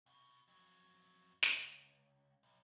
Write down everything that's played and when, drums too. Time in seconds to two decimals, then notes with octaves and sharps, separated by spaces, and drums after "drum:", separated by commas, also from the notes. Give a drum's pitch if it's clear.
0.06 C2 B2
0.48 F2 F#3
1.43 C#2, drum: snare
2.43 B1